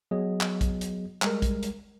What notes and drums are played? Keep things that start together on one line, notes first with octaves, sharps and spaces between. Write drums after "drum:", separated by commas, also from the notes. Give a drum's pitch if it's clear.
F#3 B3 G#4 D#5
drum: clap
drum: kick, hi-hat
drum: hi-hat
G3 G#3 A#4, drum: clap
drum: kick, hi-hat
drum: hi-hat